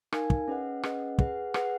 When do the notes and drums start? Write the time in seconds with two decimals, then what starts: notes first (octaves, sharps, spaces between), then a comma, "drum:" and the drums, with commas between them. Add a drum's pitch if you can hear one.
0.12 D#4 A#4 F5 G#5, drum: rim click
0.30 drum: kick
0.48 C#4 G#4 B4 D#5 F#5
0.83 C#4 G#4 B4 D#5 F#5, drum: rim click
1.18 G#4 B4 F#5, drum: kick
1.54 G#4 B4 F#5, drum: rim click